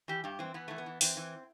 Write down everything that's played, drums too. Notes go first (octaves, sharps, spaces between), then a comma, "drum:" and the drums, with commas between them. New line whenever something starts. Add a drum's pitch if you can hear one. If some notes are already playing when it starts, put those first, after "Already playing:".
E3 G4
G2 G4
E3 C4
E3 B3
E3 A3
B3
E3
E3 C4, drum: open hi-hat
E3